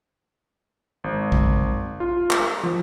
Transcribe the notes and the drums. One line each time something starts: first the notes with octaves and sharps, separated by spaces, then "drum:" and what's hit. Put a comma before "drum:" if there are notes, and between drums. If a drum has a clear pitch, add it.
G#1
drum: kick
F4
drum: clap
F3